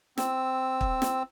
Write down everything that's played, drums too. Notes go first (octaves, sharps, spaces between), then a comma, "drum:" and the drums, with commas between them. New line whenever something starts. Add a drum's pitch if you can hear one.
C4 E6, drum: snare
drum: kick
drum: snare